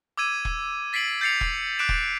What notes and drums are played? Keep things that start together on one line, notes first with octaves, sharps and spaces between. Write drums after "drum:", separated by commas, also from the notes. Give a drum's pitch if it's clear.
D6 E6 G#6 D#7
drum: kick E1
A6 B6 C7 D7 F#7
G6 A6 C7 C#7 F7
drum: kick E1
D6 F#6 B6 D7 E7
drum: kick E1